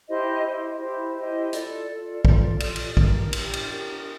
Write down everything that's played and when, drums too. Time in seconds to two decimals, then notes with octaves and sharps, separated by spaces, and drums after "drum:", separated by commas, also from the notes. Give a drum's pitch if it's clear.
0.09 E4 G4 C5 D#5
0.45 E4 G4 C5 D#5
0.80 E4 G4 C5 D#5
1.16 E4 G4 C5 D#5
1.53 F4 A4 D5, drum: hi-hat
1.89 F4 A4 D5
2.25 F4 A4 D5, drum: kick
2.60 F4 A4 D5, drum: cymbal
2.76 drum: cymbal
2.97 D4 G4 A#4, drum: kick
3.33 D4 G4 A#4, drum: cymbal
3.53 drum: cymbal
3.69 D4 G4 A#4